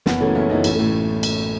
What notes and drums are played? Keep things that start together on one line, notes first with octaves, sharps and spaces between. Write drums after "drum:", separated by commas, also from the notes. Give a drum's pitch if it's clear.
F#1 B3, drum: snare
F#2 C#3 E3 A3 C#4
F#1 C#4 E4
F#2 C#3 E3 B3 D#4
A1 A3 C#4, drum: cymbal
A3
A2 E3
drum: cymbal